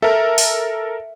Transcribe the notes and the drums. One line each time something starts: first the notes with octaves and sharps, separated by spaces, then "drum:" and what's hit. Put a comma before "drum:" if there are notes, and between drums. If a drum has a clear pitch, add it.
A4 A#4 E5
drum: open hi-hat